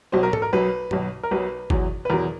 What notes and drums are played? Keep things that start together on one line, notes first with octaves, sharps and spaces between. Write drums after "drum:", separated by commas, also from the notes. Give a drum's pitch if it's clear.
B1 B2 F#3 C5
A#4
A4, drum: tom G#2
A#4
B1 B2 F#3 B4
B1 B2 F#3, drum: tom G2
A#4
B1 B2 F#3 B4
E2 B2 F#3, drum: kick G1
B4
E2 B2 F#3 A#4